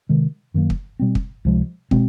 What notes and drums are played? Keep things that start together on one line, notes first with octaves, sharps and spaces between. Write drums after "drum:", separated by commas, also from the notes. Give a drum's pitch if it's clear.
C3 D#3 G#3
F#2 D#3 F#3 A#3
drum: kick
B2 G3 C4
drum: kick
C#2 C3 F3 G#3
B2 G#3 C4, drum: kick